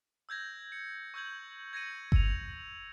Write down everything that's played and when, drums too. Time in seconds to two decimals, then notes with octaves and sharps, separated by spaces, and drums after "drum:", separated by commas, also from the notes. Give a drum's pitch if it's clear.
0.29 E6 G6 G#6 A#6
0.72 C#7
1.14 C#6 E6 G6 G#6 F#7
1.73 G#6 A#6 C#7 D#7
2.12 E6 C#7 D#7 F7, drum: kick G1